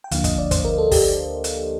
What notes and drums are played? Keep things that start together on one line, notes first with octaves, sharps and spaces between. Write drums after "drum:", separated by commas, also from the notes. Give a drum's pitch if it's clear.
G5
D2 D3 F3 A#3 D4 F5, drum: hi-hat
D#5, drum: kick, hi-hat
D5
C5, drum: kick, hi-hat
A#4
A4
G4, drum: kick, open hi-hat
drum: hi-hat